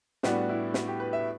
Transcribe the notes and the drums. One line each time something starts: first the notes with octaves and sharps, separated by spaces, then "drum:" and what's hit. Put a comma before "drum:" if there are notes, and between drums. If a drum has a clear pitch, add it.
A2 G3 B3 D4 F#4, drum: snare
E4
F#4, drum: snare
G4
B4
E5